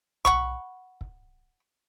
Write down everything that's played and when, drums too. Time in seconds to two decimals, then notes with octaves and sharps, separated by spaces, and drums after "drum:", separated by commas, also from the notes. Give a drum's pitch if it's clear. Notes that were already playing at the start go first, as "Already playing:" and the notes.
0.25 F#5 B5 C#6, drum: tom B1
1.01 drum: kick